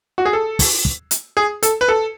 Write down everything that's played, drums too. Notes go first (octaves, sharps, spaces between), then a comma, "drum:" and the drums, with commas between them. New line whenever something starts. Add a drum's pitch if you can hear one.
F#4
G#4
A4
drum: kick, open hi-hat
drum: kick
drum: hi-hat
G#4
A4, drum: hi-hat
B4
A4